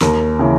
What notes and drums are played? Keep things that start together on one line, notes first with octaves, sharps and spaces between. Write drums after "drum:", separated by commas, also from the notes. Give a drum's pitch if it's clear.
D#2 A#4, drum: snare
C#3 E3